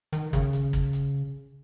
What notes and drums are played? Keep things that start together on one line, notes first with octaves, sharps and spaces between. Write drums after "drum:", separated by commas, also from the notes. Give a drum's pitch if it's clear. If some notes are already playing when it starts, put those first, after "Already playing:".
D#3, drum: hi-hat
C#3, drum: kick, hi-hat
drum: hi-hat
drum: kick, hi-hat
drum: hi-hat